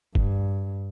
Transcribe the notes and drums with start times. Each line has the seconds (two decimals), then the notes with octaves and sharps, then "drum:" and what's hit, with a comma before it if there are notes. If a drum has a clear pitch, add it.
0.15 G2, drum: kick